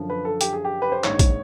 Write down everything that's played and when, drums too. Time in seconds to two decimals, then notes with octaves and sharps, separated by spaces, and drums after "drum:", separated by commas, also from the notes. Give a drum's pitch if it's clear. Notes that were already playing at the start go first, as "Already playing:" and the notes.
Already playing: F#2 D3 F3
0.10 B4
0.25 A4
0.41 G4, drum: hi-hat
0.53 G#4
0.65 G4
0.82 B4
0.92 C5
1.04 A#1 G#2 D#3 C#5, drum: clap
1.19 drum: kick, hi-hat